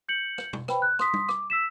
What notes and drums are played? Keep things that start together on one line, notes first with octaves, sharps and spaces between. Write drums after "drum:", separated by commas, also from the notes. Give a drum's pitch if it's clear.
G6 C#7 F#7
drum: rim click
drum: tom
B4 C5 G5 B5, drum: rim click
F#6
C6 D#6 B6, drum: rim click
drum: tom G3
D6, drum: rim click
E6 B6 E7